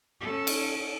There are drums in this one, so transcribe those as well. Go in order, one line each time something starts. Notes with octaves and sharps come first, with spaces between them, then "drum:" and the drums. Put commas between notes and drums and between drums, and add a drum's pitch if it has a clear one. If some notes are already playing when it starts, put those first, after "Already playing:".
C#4 A4
drum: cymbal